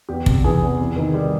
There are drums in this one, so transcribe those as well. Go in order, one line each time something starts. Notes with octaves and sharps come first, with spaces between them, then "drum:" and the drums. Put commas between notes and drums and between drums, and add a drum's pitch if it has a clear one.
E2 G4
C3, drum: kick
E3 G#4
E2
C3
D#3
G3